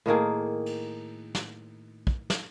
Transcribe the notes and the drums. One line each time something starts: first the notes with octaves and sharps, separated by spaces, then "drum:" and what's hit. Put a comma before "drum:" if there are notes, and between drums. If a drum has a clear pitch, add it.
A2 D#3 A#3 G#4
drum: cymbal
drum: snare
drum: kick
drum: snare